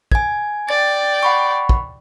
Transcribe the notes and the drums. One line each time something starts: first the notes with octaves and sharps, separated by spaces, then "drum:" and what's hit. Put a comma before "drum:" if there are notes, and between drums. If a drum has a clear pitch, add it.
G#5 G#6, drum: kick
D5 G5 A6
F#5 B5 C#6
drum: kick